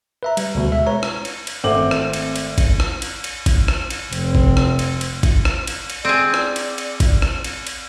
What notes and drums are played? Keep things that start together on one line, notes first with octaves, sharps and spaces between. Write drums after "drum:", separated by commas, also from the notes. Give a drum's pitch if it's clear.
B4 E5 A#5
G3, drum: cymbal
D2 B2
G#3 E5
B4 C#5 A#5
drum: rim click
drum: cymbal
drum: cymbal
G#1 A3 C4 F#5 D6 F#7
drum: rim click
drum: cymbal
drum: cymbal
drum: kick G#1, cymbal
drum: rim click
drum: cymbal
drum: cymbal
drum: kick G#1, cymbal
drum: rim click
drum: cymbal
F1 C4, drum: cymbal
drum: kick G#1
drum: rim click
drum: cymbal
drum: cymbal
drum: kick G#1, cymbal
drum: rim click
drum: cymbal
drum: cymbal
C4 G#4 D5
drum: rim click
drum: cymbal
drum: cymbal
drum: kick G#1, cymbal
drum: rim click
drum: cymbal
drum: cymbal